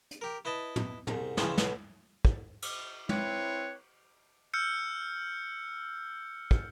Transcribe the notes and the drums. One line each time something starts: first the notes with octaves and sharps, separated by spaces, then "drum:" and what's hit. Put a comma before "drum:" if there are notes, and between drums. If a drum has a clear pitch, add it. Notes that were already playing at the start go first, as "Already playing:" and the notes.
drum: hi-hat
G4 A#4
E4 B4 D#5 A5
drum: tom
C2 G#2, drum: tom
C#3 E3 F3 G#3 C4 C#4, drum: snare
B1 B2, drum: snare
drum: kick
drum: cymbal
C4 E4 B4 C#5, drum: tom
E6 F6 G6 C#7
drum: kick